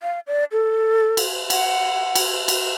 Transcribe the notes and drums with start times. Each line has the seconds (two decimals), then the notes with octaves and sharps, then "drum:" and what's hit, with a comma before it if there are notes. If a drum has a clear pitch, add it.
0.03 F5
0.27 D5
0.52 A4
1.17 drum: cymbal
1.50 F#5, drum: cymbal
2.15 drum: cymbal
2.48 drum: cymbal